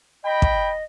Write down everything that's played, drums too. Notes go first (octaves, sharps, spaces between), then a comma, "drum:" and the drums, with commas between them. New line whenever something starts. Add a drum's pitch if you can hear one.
D#5 G5 B5
drum: kick